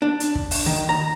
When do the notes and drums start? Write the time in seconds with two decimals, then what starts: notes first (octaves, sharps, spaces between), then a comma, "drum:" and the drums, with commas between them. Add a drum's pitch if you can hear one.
0.02 D4
0.20 drum: hi-hat
0.35 drum: kick
0.51 drum: open hi-hat
0.66 D#3
0.89 A#5